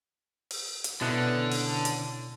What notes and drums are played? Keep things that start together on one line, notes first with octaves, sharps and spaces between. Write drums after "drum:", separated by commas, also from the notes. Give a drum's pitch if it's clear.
drum: open hi-hat
drum: hi-hat
B2 D3 B3 C#4 E4 A4 F#6
drum: open hi-hat
drum: hi-hat